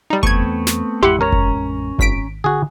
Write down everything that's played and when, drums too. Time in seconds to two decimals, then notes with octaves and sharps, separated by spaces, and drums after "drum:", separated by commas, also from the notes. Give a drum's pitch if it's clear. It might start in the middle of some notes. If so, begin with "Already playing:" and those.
0.10 G3 D#4
0.23 E2 A3 B3 C4 C#6 G#6, drum: kick F#1
0.67 drum: snare
1.03 A1 F2 G#3 E4 G4 F#5 C6
1.21 C#4 A#4 C#5 A#5
1.32 drum: kick F#1
1.99 G#1 B6 D7, drum: kick F#1
2.44 D3 F#4 G#4